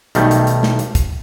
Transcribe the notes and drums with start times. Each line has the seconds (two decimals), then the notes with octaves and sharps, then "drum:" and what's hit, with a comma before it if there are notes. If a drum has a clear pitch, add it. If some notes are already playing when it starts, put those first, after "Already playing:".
0.15 B1 D#3 G3 A3, drum: hi-hat
0.31 drum: hi-hat
0.47 drum: hi-hat
0.63 drum: snare
0.79 drum: hi-hat
0.95 drum: kick, hi-hat